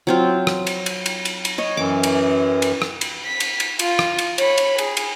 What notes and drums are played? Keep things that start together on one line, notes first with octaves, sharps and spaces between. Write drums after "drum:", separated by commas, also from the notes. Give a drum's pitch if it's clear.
F#3 C4 F4
drum: rim click
drum: cymbal
drum: cymbal
drum: cymbal
drum: cymbal
drum: cymbal
C#5 D#5
F#2 E3 D6
drum: cymbal
drum: cymbal
drum: rim click
drum: cymbal
B6
drum: cymbal
drum: cymbal
F4, drum: cymbal
drum: rim click
drum: cymbal
C#5 B5, drum: cymbal
drum: cymbal
G#4, drum: cymbal
drum: cymbal